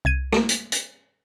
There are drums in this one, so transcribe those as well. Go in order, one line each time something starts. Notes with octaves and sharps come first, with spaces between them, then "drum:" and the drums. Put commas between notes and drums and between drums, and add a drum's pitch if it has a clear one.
C2 G#6 D#7
A3 A#3, drum: rim click
drum: hi-hat
drum: hi-hat